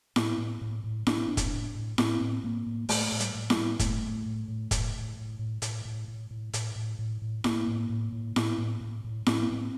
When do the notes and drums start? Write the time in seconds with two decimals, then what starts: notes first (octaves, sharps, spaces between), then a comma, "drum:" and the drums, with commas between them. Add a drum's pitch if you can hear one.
0.16 A2, drum: snare E4
0.38 A2
0.61 A2
0.84 A2
1.07 A2 D4, drum: snare E4
1.17 C4
1.27 A2 D4
1.37 drum: kick, hi-hat
1.53 A2
1.75 A2
1.98 A2 C4, drum: snare E4
2.21 A2
2.43 A2 A#3
2.66 A2
2.89 A2 A3, drum: open hi-hat
3.12 A2
3.20 G3, drum: hi-hat
3.35 A2
3.50 G3, drum: snare E4
3.57 A2
3.79 A2 A3, drum: kick, hi-hat
4.03 A2
4.26 A2
4.48 A2
4.71 A2, drum: kick, hi-hat
4.94 A2
5.17 A2
5.39 A2
5.62 A2, drum: hi-hat
5.85 A2
6.08 A2
6.31 A2
6.53 A2, drum: hi-hat
6.76 A2
6.99 A2
7.22 A2
7.44 A2 A#3, drum: snare E4
7.68 A2
7.90 A2
8.12 A2
8.36 A2, drum: snare E4
8.58 A2
8.81 A2
9.04 A2
9.26 A2 C4, drum: snare E4
9.40 A#3
9.50 A2 C4